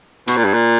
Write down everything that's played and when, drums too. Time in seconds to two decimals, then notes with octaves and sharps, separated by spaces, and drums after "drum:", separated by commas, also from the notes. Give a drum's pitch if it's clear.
0.27 B2, drum: hi-hat
0.36 A#2
0.45 G2
0.54 A#2